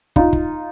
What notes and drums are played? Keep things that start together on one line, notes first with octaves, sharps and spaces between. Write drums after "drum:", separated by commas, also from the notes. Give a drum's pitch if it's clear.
D#4 F4, drum: kick
drum: kick